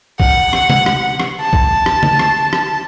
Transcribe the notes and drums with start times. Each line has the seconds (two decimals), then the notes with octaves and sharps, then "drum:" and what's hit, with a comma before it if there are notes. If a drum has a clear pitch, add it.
0.20 F#5, drum: kick
0.53 drum: rim click
0.70 drum: tom C3
0.86 drum: rim click
1.20 drum: rim click
1.41 A5
1.53 drum: kick
1.86 drum: rim click
2.03 drum: tom
2.19 drum: rim click
2.53 drum: rim click